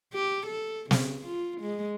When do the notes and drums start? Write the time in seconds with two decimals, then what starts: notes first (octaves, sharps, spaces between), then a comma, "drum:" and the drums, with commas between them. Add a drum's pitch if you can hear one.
0.14 G4
0.47 A4
0.91 C#3, drum: snare
1.26 F4
1.61 G#3